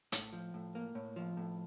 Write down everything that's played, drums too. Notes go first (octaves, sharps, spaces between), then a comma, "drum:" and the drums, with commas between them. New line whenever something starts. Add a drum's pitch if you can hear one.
A2, drum: hi-hat
F3
A2
A#3
A2
F3
A2